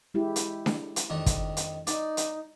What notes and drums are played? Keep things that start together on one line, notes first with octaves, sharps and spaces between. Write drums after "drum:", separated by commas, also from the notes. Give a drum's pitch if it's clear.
G#3 E4 G4
drum: hi-hat
drum: snare D4
drum: hi-hat
F2 D#3 D4
drum: kick, hi-hat
drum: hi-hat
D#4 D5, drum: hi-hat
drum: hi-hat